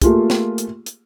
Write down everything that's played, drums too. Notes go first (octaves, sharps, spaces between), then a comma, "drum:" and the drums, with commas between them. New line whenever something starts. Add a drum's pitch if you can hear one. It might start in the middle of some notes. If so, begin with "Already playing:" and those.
A3 A#3 F4 G4 G#4, drum: kick, hi-hat
drum: snare
drum: hi-hat
drum: hi-hat